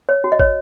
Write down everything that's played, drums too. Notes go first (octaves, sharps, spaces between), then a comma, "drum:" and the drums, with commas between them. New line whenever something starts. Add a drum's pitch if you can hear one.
C#5
F#4
D#5
C#5, drum: kick